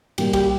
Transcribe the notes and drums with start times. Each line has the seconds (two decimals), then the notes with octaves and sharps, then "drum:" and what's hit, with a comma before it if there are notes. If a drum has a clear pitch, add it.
0.18 A#2 G3 A#3 G4, drum: cymbal
0.33 G4, drum: kick, cymbal